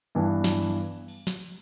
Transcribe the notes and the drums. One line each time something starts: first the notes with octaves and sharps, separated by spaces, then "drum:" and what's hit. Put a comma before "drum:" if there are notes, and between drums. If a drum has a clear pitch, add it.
G2 E3 B3 D4
drum: snare
drum: cymbal
drum: snare